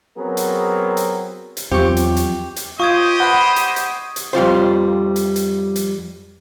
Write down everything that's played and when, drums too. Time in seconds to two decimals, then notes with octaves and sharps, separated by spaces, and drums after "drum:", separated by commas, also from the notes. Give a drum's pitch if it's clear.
0.17 F#3 B3 C4 G#4 A#4
0.37 drum: hi-hat
0.97 drum: hi-hat
1.57 drum: hi-hat
1.72 E2 F3 F#3 C4 F4 G4 C#6
1.97 drum: hi-hat
2.17 drum: hi-hat
2.56 drum: hi-hat
2.80 F4 G4 C5 D#5 C#6 D#6 G#6
3.20 B4 F#5 B5
3.56 drum: hi-hat
3.76 drum: hi-hat
4.16 drum: hi-hat
4.33 F2 G3 F4 C5
5.16 drum: hi-hat
5.36 drum: hi-hat
5.76 drum: hi-hat